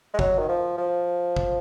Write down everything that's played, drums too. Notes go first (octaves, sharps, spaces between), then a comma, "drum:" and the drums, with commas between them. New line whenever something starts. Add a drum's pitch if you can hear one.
G#3
F#3, drum: kick
D#3
F3
F3
drum: kick